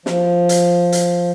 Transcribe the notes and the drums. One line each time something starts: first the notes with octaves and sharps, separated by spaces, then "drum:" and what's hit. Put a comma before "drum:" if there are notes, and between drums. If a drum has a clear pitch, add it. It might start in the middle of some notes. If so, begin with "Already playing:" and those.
F3, drum: snare
drum: hi-hat
drum: hi-hat